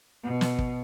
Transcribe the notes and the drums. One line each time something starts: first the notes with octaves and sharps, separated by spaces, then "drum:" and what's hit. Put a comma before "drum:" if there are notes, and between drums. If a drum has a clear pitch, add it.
B2
drum: snare
drum: kick